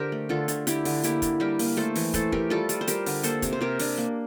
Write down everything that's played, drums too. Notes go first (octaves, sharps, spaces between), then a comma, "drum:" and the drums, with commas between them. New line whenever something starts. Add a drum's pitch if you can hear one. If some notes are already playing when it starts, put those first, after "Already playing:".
Already playing: D3 G4 A#4 C5
A3
D3 F4 A4
D3, drum: hi-hat
D3 E4 G4, drum: hi-hat
D3, drum: open hi-hat
A#3 E4 G4, drum: hi-hat
D3, drum: kick, hi-hat
G3 G4 A#4
A#3, drum: open hi-hat
A3 A4 C5
E3, drum: open hi-hat
A3 A4 C5, drum: kick, hi-hat
A3 G4 A#4, drum: kick
G3 F4 A4
G3, drum: hi-hat
C5
G3 G4 A#4, drum: hi-hat
D3, drum: open hi-hat
A#3 A4 C5, drum: hi-hat
C3, drum: kick, hi-hat
C5
C3 G4 A#4
C3 D4, drum: open hi-hat
A#3